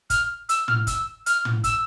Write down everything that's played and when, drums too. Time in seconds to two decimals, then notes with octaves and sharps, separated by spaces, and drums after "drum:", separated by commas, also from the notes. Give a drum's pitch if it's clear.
0.10 F6, drum: kick, hi-hat
0.49 E6, drum: hi-hat
0.68 F6, drum: tom
0.87 E6, drum: kick, hi-hat
1.26 F6, drum: hi-hat
1.45 drum: tom
1.64 E6, drum: kick, hi-hat